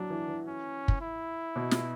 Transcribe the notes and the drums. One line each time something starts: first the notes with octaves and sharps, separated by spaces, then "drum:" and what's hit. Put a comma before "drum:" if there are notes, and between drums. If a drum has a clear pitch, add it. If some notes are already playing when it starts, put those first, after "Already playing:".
Already playing: F#3 D4
E3
E3
C#4
drum: kick
E4
B2
drum: snare